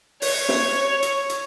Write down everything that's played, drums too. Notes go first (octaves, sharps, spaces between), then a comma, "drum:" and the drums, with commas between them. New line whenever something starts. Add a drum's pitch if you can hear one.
C#5, drum: open hi-hat
drum: snare
drum: hi-hat
drum: hi-hat